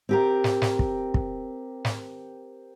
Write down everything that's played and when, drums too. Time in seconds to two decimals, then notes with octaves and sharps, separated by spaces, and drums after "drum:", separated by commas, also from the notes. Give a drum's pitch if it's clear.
0.09 C4 G4 A#4
0.44 drum: snare
0.62 drum: snare
0.79 drum: kick
1.14 drum: kick
1.85 drum: snare